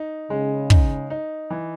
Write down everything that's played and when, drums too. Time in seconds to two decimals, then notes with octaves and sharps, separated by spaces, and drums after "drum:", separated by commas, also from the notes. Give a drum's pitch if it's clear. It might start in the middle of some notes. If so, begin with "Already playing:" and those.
Already playing: D#4
0.30 C#3 G#3
0.70 D#4, drum: kick
1.10 D#4
1.50 E3